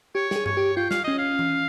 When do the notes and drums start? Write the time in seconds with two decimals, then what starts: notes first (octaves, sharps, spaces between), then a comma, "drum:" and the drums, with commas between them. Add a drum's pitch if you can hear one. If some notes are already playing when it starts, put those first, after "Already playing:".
0.15 G4 C#5
0.31 G4, drum: snare
0.36 G#4
0.46 C#5, drum: tom G2
0.57 G4
0.77 F4 G5
0.91 F5, drum: snare
1.04 C#4 D#5
1.18 F5
1.39 drum: tom E3